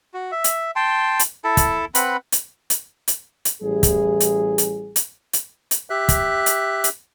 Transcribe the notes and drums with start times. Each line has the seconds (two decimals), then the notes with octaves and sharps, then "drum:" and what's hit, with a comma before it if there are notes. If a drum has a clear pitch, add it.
0.14 F#4
0.32 E5
0.44 drum: hi-hat
0.76 G5 A5 C6
1.19 drum: hi-hat
1.44 E4 A4 A5
1.57 drum: kick, hi-hat
1.95 C4 B4 F#5 B5, drum: hi-hat
2.32 drum: hi-hat
2.70 drum: hi-hat
3.08 drum: hi-hat
3.45 drum: hi-hat
3.62 A1 G3 E4 G#4
3.83 drum: kick, hi-hat
4.20 drum: hi-hat
4.58 drum: hi-hat
4.96 drum: hi-hat
5.33 drum: hi-hat
5.71 drum: hi-hat
5.90 G4 E5 F#6
6.09 drum: kick, hi-hat
6.46 drum: hi-hat
6.84 drum: hi-hat